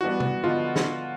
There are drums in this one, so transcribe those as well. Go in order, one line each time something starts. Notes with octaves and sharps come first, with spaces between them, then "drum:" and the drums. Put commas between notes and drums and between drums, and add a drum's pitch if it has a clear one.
E3 G3 B3 D4 F#4
drum: tom C3
D3 F3 G#3 B3 F4
drum: snare